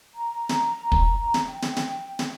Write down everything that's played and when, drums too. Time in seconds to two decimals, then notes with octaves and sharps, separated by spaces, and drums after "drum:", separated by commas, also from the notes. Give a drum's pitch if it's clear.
0.15 A#5
0.49 drum: snare
0.92 drum: kick
1.34 drum: snare
1.48 G5
1.62 drum: snare
1.76 drum: snare
2.19 drum: snare